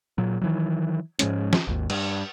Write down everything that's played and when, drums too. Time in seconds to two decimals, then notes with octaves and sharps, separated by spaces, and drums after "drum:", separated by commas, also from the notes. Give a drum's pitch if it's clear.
0.18 A#2 F#3
0.41 D#3 E3 F#3
1.19 G#2 F3 G#3 C#4, drum: hi-hat
1.53 drum: snare
1.67 G#1 D#2
1.90 G2, drum: cymbal